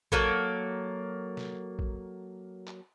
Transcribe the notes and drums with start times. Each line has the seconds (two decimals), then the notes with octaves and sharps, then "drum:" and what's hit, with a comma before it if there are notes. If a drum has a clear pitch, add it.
0.12 F#3 A#3 A4, drum: kick A#1
1.37 drum: snare
1.79 drum: kick A#1
2.67 drum: clap